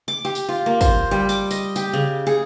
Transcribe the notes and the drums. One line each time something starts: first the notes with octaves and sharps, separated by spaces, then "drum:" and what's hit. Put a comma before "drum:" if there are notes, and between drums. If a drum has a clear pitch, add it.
D6
G4
drum: tambourine
F4
A#3
C5, drum: kick, tambourine
G3
D6, drum: tambourine
D#5, drum: tambourine
G4, drum: tambourine
C#3
G#4